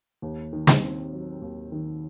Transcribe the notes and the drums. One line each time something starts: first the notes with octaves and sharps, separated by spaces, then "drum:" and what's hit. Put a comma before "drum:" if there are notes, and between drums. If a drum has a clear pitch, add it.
D#2
D#3
drum: snare
C4
F#3
D#2
D#3